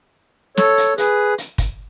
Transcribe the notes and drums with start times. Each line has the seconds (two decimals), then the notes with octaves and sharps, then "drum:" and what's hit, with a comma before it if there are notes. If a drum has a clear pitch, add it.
0.57 A4 C#5, drum: snare
0.78 drum: hi-hat
0.98 G#4 B4, drum: hi-hat
1.38 drum: hi-hat
1.58 drum: kick, hi-hat